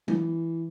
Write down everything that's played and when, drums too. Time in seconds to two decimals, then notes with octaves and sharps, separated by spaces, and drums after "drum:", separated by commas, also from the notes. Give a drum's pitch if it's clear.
0.08 E3, drum: tom